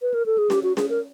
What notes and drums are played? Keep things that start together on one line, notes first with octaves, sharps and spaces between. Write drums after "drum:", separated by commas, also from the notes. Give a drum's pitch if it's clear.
B4
A#4
A4
G#4
G4, drum: snare C#4
F#4
G#4, drum: snare C#4
A#4